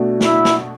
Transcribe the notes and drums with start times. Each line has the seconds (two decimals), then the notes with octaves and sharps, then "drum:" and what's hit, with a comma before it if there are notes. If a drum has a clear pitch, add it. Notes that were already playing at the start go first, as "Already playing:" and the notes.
Already playing: B2 A3 D4 F#4
0.21 E4, drum: snare
0.45 drum: snare